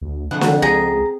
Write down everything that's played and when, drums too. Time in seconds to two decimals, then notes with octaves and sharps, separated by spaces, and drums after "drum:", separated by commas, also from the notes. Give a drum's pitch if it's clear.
0.01 D2
0.31 F2 D3 F#5
0.41 drum: snare
0.62 C#2 G#4 A#5